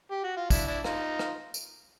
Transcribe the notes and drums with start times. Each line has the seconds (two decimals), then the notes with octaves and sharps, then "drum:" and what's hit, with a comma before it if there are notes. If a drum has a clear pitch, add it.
0.11 G4
0.24 F#4
0.37 F4
0.50 D4 E4, drum: kick, tambourine
0.67 D4 E4
0.84 D#4 F4, drum: rim click
1.19 drum: rim click
1.54 drum: tambourine